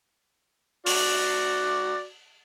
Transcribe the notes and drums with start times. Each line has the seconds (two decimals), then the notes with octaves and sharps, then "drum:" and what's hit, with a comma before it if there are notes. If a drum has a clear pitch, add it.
0.86 F#4 D5, drum: open hi-hat